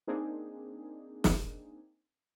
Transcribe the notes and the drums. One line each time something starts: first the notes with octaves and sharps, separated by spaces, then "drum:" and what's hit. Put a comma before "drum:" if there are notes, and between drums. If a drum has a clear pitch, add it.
A#3 C4 D4 D#4 G#4
drum: snare